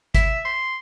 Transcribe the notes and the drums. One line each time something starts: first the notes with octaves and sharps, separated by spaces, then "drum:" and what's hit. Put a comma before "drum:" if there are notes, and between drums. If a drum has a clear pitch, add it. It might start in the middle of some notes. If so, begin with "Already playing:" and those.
E5, drum: kick, hi-hat
C6